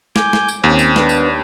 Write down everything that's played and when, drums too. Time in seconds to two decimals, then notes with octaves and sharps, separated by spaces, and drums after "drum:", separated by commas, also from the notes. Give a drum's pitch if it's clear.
0.16 G#5 D6 G6, drum: snare
0.33 drum: snare
0.48 drum: tambourine
0.64 D#2 C4 C#4
0.79 drum: tambourine
0.96 B3 D4 B4, drum: snare
1.09 drum: tambourine